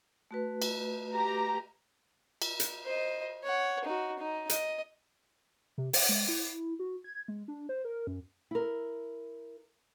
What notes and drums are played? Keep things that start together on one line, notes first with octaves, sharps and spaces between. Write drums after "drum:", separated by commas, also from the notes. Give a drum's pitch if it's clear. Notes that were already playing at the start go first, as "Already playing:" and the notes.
A3 F#4 B4
drum: cymbal
G4 A#5
drum: cymbal
drum: hi-hat
C5 D#5
C#5 F#5
D#4 F#4
D#4
D#5, drum: hi-hat
C3
F#5, drum: open hi-hat
G#3
E4
F#4
G#6
G#3
D4
C5
A#4
F#2
E4 A#4